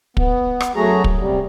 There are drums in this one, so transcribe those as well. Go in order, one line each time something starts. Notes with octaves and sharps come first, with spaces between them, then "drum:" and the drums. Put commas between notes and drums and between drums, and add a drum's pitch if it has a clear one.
B3, drum: kick
drum: rim click
F#2 F#3 A3 F#4 G#4 A#5
drum: kick
C3 G3